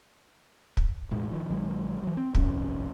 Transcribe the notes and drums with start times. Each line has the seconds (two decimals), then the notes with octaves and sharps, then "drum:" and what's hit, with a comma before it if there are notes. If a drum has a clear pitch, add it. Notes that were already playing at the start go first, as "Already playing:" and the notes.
0.77 drum: kick
1.11 E1 A2 G#3
1.31 D#3 F3
1.49 A#1 D#3 F#3 G#3
2.03 E3 F#3
2.17 C4
2.35 G1 C2 F2 C#4, drum: kick